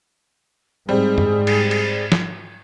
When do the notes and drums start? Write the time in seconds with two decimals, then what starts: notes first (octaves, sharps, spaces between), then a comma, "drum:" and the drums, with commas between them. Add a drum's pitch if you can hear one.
0.89 G#2 G3 C4 G#4
1.18 drum: tom F#2
1.47 drum: cymbal
1.71 drum: cymbal
2.12 drum: snare